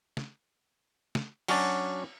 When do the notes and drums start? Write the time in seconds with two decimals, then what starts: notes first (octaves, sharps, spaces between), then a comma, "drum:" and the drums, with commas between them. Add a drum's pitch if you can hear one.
0.17 drum: snare
1.15 drum: snare
1.48 F#3 C#4 D4 F#4 D5, drum: cymbal